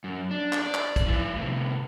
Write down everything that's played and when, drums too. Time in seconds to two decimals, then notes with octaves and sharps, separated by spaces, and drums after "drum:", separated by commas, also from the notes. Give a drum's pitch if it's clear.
0.04 F#2
0.31 D4
0.53 drum: clap
0.62 D5
0.74 drum: clap
0.96 drum: kick, hi-hat
1.06 F3 E4
1.37 A2 C3